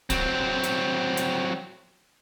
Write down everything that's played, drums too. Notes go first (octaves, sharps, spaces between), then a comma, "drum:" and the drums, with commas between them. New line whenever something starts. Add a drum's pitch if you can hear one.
F#3 C4, drum: kick D1, hi-hat
drum: hi-hat
drum: hi-hat